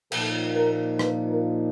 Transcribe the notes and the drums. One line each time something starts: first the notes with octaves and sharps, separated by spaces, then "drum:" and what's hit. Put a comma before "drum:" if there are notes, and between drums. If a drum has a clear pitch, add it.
A#2 F3 A#3 D#4 A4, drum: cymbal
A#4
B4, drum: rim click
A#4